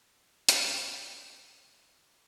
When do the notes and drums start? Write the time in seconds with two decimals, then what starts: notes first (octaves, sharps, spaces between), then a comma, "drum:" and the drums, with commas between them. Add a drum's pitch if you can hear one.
0.22 A#2 G3 A#3 C#4
0.49 drum: hi-hat
0.60 G#2 D#3 G#3 D#4
0.98 A#2 G#3 C#4 E4 G#4
1.37 C#3 E3 G3 A#3 C#4
1.74 G2 G3 C#4 G#4